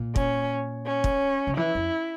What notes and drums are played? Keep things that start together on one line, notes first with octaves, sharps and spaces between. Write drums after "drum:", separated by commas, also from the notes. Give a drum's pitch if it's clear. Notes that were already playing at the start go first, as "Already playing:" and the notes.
Already playing: A#2
C#4, drum: kick
C#4
drum: kick
C#3
E3 E4
F2